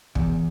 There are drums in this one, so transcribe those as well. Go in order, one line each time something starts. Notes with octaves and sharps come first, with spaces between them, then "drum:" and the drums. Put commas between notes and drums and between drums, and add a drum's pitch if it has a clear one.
E2, drum: kick